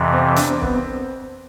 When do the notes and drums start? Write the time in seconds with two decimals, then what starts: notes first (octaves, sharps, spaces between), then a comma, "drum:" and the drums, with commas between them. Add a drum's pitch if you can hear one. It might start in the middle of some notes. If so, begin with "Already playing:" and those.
Already playing: F2 C3 E3
0.13 C4
0.36 D4, drum: hi-hat
0.49 C4
0.62 B3, drum: kick
0.74 C4